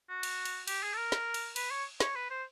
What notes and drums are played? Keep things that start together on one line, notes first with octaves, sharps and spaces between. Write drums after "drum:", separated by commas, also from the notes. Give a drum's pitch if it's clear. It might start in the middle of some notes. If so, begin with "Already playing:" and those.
F#4
drum: cymbal
drum: cymbal
G4, drum: cymbal
G#4
A4
A#4
drum: snare
drum: cymbal
B4, drum: cymbal
C#5
C#5, drum: snare
B4
C5